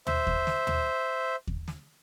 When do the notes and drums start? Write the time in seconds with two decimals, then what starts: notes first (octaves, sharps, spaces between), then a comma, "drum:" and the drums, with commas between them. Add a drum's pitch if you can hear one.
0.07 C5 E5, drum: tom
0.27 drum: kick D#2
0.47 drum: snare
0.67 drum: tom
1.47 drum: kick D#2
1.68 drum: snare